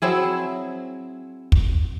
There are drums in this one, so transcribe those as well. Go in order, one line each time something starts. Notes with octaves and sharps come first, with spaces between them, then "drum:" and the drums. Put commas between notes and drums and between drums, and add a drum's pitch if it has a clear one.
F#3 C4 E4 G#4
drum: kick